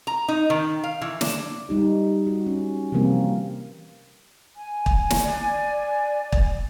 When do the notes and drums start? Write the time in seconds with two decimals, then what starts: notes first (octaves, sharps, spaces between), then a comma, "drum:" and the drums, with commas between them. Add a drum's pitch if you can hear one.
0.07 A#5
0.28 D#4
0.50 D#3
0.84 F5
1.02 E3
1.21 D4, drum: snare
1.69 G3 D#4 G4
2.27 F#4
2.46 C#4
2.92 C3 E3 F3 G3 A#3 C4
4.56 G#5
4.86 drum: kick
5.10 drum: snare
5.23 D5
6.32 drum: kick